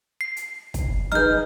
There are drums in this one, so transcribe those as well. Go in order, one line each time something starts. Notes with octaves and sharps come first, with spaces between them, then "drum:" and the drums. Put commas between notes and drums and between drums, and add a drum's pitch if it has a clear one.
C7
drum: hi-hat
drum: kick, hi-hat
D#4 G#4 B4 F6 G6, drum: snare